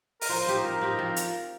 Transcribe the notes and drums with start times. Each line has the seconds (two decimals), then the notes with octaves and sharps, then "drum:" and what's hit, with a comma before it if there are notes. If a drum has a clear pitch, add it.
0.21 A#4, drum: open hi-hat
0.29 F3 C5
0.46 C4 D#4 G4
0.64 F3 A#4
0.81 C4 D#4 G4
0.99 F3
1.16 drum: hi-hat